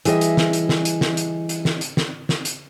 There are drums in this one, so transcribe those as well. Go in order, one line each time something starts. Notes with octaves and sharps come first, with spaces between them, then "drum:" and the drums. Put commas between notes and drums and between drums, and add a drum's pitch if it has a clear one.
E3 G3 G#4 D#5 E5, drum: hi-hat
drum: hi-hat
drum: snare
drum: hi-hat
drum: snare
drum: hi-hat
drum: snare
drum: hi-hat
drum: hi-hat
drum: snare
drum: hi-hat
drum: snare
drum: snare
drum: hi-hat